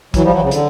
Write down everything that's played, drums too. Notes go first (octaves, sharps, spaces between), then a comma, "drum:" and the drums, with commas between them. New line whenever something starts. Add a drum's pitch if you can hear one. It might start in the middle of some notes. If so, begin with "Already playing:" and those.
E3 F#3, drum: kick, hi-hat
F3 G3
E3 F#3
C#3
D3, drum: hi-hat